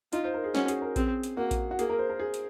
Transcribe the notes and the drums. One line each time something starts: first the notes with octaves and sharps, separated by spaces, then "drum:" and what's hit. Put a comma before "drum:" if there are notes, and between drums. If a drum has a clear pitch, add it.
D#4 F4, drum: hi-hat
C5
A#4
G#4
C#4 F#4, drum: snare
G#4, drum: hi-hat
A#4
C4 G#4, drum: kick A#1, hi-hat
drum: hi-hat
A#3 F#4
drum: kick A#1, hi-hat
F#4
A#3 G#4, drum: hi-hat
A#4
C5
A#4
G#4
drum: hi-hat